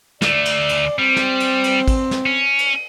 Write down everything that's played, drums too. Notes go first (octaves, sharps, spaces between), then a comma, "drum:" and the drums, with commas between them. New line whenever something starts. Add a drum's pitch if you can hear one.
D2 A3 D5, drum: snare
drum: cymbal
drum: cymbal
G3 C4
drum: snare
drum: cymbal
drum: cymbal
drum: kick A1, cymbal
drum: snare
C#4
drum: cymbal